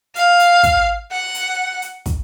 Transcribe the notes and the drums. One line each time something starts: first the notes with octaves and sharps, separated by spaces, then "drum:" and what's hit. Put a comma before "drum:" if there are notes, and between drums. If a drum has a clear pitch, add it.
F5, drum: hi-hat
drum: hi-hat
drum: kick, hi-hat
F#5
drum: hi-hat
drum: hi-hat
drum: kick, hi-hat